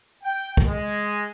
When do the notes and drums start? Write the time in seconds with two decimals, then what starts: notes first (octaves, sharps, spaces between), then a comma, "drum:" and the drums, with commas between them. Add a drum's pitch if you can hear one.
0.24 G5
0.57 drum: kick
0.66 G#3